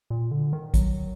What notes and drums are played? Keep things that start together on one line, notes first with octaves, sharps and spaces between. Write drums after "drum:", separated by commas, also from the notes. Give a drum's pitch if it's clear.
A#2
D3
D#3
F#3, drum: kick G#1, hi-hat